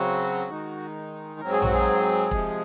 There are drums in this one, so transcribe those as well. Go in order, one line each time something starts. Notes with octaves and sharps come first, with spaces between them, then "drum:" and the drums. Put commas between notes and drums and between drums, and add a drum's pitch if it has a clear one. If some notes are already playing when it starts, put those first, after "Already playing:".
Already playing: C#3 F#3 C4 F#4
D#3 G#3 D#4
G#2 F#3 C4 A#4
G#4
F#4, drum: tom A#1
G#4
C3 F3 G#3, drum: kick E1